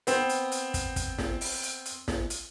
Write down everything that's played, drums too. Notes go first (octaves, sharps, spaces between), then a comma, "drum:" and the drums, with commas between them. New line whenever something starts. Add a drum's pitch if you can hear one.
B3 C4, drum: hi-hat
drum: hi-hat
drum: hi-hat
drum: kick, hi-hat
drum: kick, hi-hat
drum: snare
drum: open hi-hat
drum: hi-hat
drum: hi-hat
drum: snare
drum: hi-hat